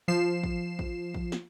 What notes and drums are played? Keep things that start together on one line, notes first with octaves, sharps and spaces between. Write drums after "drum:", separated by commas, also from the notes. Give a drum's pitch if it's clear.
F3 C7 E7
drum: kick
drum: kick
drum: kick
drum: snare